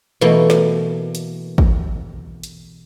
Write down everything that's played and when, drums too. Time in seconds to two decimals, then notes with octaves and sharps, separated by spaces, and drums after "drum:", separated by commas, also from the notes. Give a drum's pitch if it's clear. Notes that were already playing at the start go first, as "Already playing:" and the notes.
0.21 B2 E3 A3 A#3
0.50 drum: snare
1.15 drum: hi-hat
1.58 drum: kick
2.44 drum: hi-hat